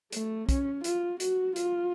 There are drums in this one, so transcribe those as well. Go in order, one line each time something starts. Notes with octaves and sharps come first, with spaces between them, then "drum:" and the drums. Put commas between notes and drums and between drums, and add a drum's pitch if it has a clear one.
A3, drum: hi-hat
C#4, drum: kick, hi-hat
F4, drum: hi-hat
F#4, drum: hi-hat
F4, drum: hi-hat